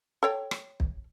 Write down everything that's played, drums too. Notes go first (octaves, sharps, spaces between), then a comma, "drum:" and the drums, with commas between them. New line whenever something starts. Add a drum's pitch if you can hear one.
A4 C#5 G5
drum: rim click
drum: kick